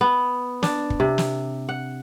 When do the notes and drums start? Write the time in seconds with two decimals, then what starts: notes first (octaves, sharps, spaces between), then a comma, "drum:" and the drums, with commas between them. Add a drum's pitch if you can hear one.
0.01 B3
0.63 D4, drum: snare
0.90 drum: kick
1.00 C3
1.18 drum: snare
1.69 F#5